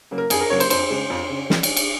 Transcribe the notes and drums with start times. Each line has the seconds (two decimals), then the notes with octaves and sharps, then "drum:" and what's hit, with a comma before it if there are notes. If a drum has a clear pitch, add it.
0.11 C#3 F#3 A#3
0.18 A#4
0.30 F2 G#4, drum: cymbal
0.41 A#4
0.50 C#3 F#3 A#3 C#5
0.60 C5, drum: cymbal
0.70 F2 C5, drum: cymbal
0.90 C#3 G#3
1.10 F2
1.30 C#3
1.50 drum: snare
1.63 drum: cymbal
1.77 drum: cymbal